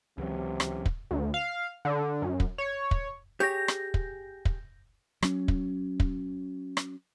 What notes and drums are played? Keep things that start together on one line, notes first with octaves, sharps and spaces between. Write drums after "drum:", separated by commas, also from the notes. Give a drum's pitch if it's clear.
C#2 C3 E3 F#3
drum: rim click
drum: kick
D2
F5
D3
F#2
drum: kick
C#5
drum: kick
G4 G#4 C#5 G6 A#6
drum: rim click
drum: kick
drum: kick
F#3 C#4, drum: rim click
drum: kick
drum: kick
drum: rim click